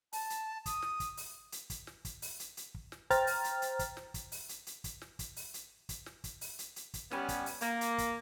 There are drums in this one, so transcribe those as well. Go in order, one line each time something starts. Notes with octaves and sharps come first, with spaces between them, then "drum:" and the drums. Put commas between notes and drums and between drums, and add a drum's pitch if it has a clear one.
A5, drum: open hi-hat
drum: hi-hat
D#6, drum: kick, hi-hat
drum: snare
drum: kick, hi-hat
drum: open hi-hat
drum: hi-hat
drum: kick, hi-hat
drum: snare
drum: kick, hi-hat
drum: open hi-hat
drum: hi-hat
drum: hi-hat
drum: kick
drum: snare
C5 G5 A#5 F6 A6, drum: kick, hi-hat
drum: open hi-hat
drum: hi-hat
drum: hi-hat
drum: kick, hi-hat
drum: snare
drum: kick, hi-hat
drum: open hi-hat
drum: hi-hat
drum: hi-hat
drum: kick, hi-hat
drum: snare
drum: kick, hi-hat
drum: open hi-hat
drum: hi-hat
drum: kick, hi-hat
drum: snare
drum: kick, hi-hat
drum: open hi-hat
drum: hi-hat
drum: hi-hat
drum: kick, hi-hat
G3 B3 C#4, drum: snare
drum: kick, hi-hat
drum: open hi-hat
A#3, drum: hi-hat
drum: hi-hat
drum: kick, hi-hat